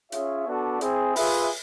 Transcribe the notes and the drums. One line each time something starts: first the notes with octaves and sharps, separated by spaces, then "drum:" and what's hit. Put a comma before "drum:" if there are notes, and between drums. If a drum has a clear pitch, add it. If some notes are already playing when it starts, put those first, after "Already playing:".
C#4 F4 G#4 C#5 E5, drum: hi-hat
B3 D4 F#4 A4 D5
C4 E4 G#4, drum: hi-hat
F4 G#4 B4 E5, drum: open hi-hat